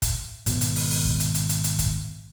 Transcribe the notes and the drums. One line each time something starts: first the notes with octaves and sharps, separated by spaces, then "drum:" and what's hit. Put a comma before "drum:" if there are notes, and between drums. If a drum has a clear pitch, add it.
drum: kick, hi-hat
G#1 B2, drum: hi-hat
drum: hi-hat
drum: open hi-hat
drum: open hi-hat
drum: kick
drum: hi-hat
drum: hi-hat
drum: hi-hat
drum: hi-hat
drum: kick, hi-hat